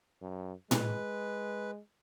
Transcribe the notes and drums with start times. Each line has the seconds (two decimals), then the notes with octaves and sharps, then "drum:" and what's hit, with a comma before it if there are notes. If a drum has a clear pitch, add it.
0.22 F#2
0.71 G#3 B4, drum: tom A2